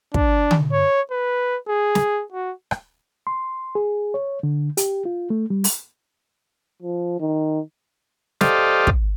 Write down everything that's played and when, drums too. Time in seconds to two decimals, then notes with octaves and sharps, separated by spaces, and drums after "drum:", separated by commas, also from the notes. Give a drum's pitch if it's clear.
0.14 D4, drum: kick
0.51 drum: tom D3
0.72 C#5
1.11 B4
1.68 G#4
1.95 drum: snare
2.32 F#4
2.71 drum: rim click
3.27 C6
3.75 G#4
4.14 C#5
4.43 D3
4.77 G4, drum: hi-hat
5.05 F4
5.30 A3
5.50 G3
5.64 drum: open hi-hat
6.82 F3
7.20 D#3
8.41 G4 A4 C5 D5 D#5 F5, drum: snare
8.87 drum: kick